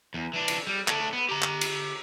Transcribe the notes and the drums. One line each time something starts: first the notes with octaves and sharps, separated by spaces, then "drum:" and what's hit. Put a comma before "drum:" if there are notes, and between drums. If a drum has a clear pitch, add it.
E2
E3 D4
drum: cymbal
G3
A3 D4, drum: clap
B3
G4 A#5
drum: clap
drum: cymbal